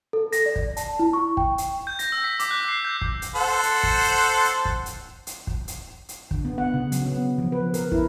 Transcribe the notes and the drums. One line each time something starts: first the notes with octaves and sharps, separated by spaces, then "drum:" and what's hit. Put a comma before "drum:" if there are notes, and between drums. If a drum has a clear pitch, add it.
A4
A#6, drum: hi-hat
D5
drum: kick
A5, drum: hi-hat
E4
C#6
G5, drum: kick
drum: hi-hat
G6
A#6, drum: hi-hat
E6
B6
D6, drum: hi-hat
F#6
C7
G6
drum: kick
drum: hi-hat
A4 C5 F#5
drum: hi-hat
drum: kick
drum: hi-hat
drum: hi-hat
drum: kick
drum: hi-hat
drum: hi-hat
drum: kick
drum: hi-hat
drum: hi-hat
D3, drum: kick
B3
F#5
C#3
F#3, drum: hi-hat
B3
F3
B4
A#4, drum: hi-hat
E4, drum: kick